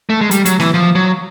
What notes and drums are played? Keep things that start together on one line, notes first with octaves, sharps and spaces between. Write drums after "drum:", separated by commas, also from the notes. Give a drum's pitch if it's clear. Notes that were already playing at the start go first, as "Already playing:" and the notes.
A3
G#3
G3, drum: hi-hat
F#3, drum: hi-hat
E3, drum: snare A#3
F3
F#3